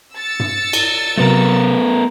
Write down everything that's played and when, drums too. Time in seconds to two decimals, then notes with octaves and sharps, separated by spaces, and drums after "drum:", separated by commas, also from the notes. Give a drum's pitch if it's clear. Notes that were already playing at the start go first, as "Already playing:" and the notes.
0.15 E6 A6 C#7
0.40 drum: tom G2
0.73 drum: cymbal
1.18 C3 F#3 A3 B3 A#4